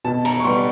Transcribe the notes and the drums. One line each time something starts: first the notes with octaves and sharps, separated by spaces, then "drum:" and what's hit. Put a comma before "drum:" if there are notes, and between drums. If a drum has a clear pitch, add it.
B2 A5
A#5, drum: cymbal
C#6
G3 B3 C6